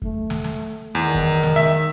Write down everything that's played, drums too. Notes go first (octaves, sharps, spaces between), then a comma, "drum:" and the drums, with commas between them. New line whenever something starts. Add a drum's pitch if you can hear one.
A3, drum: kick F2
drum: snare
drum: snare
E2 D#3
drum: kick F2
drum: snare
E5, drum: snare